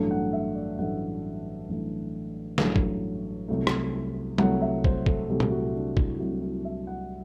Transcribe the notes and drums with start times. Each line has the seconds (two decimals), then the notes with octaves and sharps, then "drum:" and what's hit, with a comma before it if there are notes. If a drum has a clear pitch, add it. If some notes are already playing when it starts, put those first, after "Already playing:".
Already playing: A1 G2 F#3 A3 A4
0.11 F#5
0.33 E5
0.55 D5
0.78 A1 G2 F#3 A3 F#5
1.69 A1 G2 F#3 A3
2.58 A1 G2 F#3 A3, drum: snare
2.76 drum: kick
3.48 C2 C3 F#3 A3
3.67 drum: rim click
4.38 C2 C3 F#3 A3 F#5, drum: tom G3
4.62 E5
4.84 C5, drum: kick
5.06 A4, drum: kick
5.29 C2 C3 F#3 A3 G4
5.40 drum: tom A#2
5.51 F#4
5.74 D4
5.97 E4, drum: kick
6.19 C2 C3 F#3 A3 F#4
6.43 F#4
6.65 E5
6.87 F#5